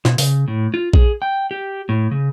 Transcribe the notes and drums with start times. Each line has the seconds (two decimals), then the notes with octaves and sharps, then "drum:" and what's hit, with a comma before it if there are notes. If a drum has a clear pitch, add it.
0.05 B2, drum: snare
0.18 C#3, drum: open hi-hat
0.48 A2
0.74 F4
0.94 G#4, drum: kick A#1
1.22 G5
1.51 G4
1.89 A2
2.11 C#3